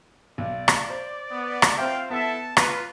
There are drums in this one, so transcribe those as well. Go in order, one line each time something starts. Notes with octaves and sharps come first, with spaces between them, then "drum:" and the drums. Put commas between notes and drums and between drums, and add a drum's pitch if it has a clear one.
B1 D5
drum: rim click
C5
B3
drum: rim click
C4 F4 C5 E5 F5 G5
B3 E4 A4 E5 A5
F4 B4 A#5, drum: rim click